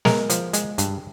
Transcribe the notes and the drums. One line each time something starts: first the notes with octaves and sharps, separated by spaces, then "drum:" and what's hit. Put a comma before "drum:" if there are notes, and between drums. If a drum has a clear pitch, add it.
G#3 A#4, drum: snare
F3, drum: hi-hat
G#3, drum: hi-hat
G2, drum: hi-hat